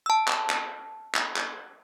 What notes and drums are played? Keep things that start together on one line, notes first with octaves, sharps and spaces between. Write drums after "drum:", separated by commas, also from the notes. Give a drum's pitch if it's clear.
A5 E6
drum: clap
drum: clap
drum: clap
drum: clap